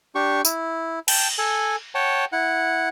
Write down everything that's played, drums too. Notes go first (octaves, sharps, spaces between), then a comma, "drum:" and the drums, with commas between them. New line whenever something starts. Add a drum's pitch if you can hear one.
D4 G4 C#6
E4, drum: tambourine
G5 A5, drum: cymbal
A4 G#5
C#5 F#5 G5 A5
E4 F#5